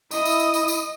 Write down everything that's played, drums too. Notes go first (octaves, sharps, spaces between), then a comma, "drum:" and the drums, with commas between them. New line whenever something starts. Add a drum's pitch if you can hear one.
E4 D#5 D#6, drum: tambourine
drum: tambourine
drum: tambourine
drum: tambourine
drum: tambourine